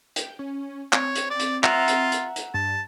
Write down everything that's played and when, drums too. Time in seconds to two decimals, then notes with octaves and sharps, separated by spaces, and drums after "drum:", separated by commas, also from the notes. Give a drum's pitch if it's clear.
0.16 G5, drum: hi-hat
0.39 C#4
0.93 C4 C#5, drum: clap
1.15 drum: hi-hat
1.31 D5
1.40 drum: hi-hat
1.64 F4 E5 F#5 A#5, drum: clap
1.88 drum: hi-hat
2.12 drum: hi-hat
2.36 drum: hi-hat
2.54 G2 A5